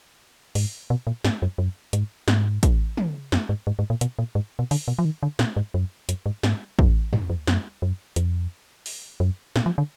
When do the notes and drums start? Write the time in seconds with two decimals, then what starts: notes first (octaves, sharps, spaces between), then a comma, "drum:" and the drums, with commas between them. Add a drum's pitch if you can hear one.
0.55 G#2, drum: open hi-hat
0.90 B2
1.07 A#2
1.24 G#2, drum: snare
1.42 F#2
1.58 F#2
1.93 G#2, drum: hi-hat
2.28 G#2, drum: snare
2.63 drum: kick, hi-hat
2.97 drum: tom
3.32 F#2, drum: snare
3.49 G#2
3.67 G#2
3.79 G#2
3.90 A#2
4.01 B2, drum: hi-hat
4.19 A#2
4.35 G#2
4.59 B2
4.71 D3, drum: open hi-hat
4.88 B2
4.99 F3
5.05 D#3
5.23 D3
5.39 A#2, drum: snare
5.56 G#2
5.74 F#2
6.09 F#2, drum: hi-hat
6.26 G#2
6.43 G#2, drum: snare
6.79 F#2, drum: kick
7.13 G#2, drum: tom
7.30 F2
7.47 F#2, drum: snare
7.82 F#2
8.16 F2, drum: hi-hat
8.86 drum: open hi-hat
9.20 F#2
9.56 A#2, drum: snare
9.66 F3
9.78 D3